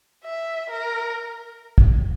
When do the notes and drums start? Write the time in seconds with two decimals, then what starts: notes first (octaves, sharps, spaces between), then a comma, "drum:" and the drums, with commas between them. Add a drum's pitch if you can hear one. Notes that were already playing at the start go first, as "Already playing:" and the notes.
0.24 E5
0.71 A#4
1.78 drum: kick